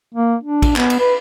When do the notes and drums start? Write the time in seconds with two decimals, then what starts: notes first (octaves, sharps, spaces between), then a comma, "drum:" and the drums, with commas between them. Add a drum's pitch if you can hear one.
0.15 A#3
0.43 D4
0.62 drum: kick, cymbal
0.76 B3, drum: clap
0.90 drum: cymbal
1.00 B4